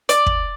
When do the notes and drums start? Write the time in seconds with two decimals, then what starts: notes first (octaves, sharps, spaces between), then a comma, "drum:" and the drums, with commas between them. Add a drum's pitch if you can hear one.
0.09 D5, drum: hi-hat
0.26 drum: kick